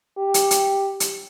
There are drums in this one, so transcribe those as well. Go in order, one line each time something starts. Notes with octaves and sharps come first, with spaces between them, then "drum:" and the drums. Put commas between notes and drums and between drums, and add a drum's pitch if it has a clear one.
G4
drum: hi-hat
drum: hi-hat
drum: hi-hat